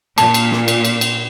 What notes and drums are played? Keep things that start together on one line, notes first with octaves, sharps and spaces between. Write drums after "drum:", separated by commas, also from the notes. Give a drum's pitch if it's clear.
A#2 A5, drum: cymbal
drum: cymbal
drum: snare
drum: cymbal
drum: cymbal
drum: cymbal